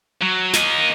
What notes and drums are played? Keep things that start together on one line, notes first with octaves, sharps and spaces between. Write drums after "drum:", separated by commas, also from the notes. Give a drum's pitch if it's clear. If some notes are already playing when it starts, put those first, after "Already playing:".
F#3
A#3 D#5, drum: snare